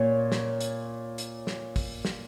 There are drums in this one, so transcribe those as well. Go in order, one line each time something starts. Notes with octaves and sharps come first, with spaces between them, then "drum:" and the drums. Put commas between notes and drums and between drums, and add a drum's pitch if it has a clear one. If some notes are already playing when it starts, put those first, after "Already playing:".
Already playing: A#2 C#5
drum: snare
drum: hi-hat
drum: hi-hat
drum: snare
drum: kick, open hi-hat
drum: snare